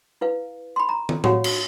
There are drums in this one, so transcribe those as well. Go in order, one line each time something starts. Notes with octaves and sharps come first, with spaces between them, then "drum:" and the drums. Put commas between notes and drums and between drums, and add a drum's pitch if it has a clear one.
E4 B4 F5
B5 C6
A#5
drum: tom
F#4 G4 C#5 F5 F#5, drum: tom A2
drum: cymbal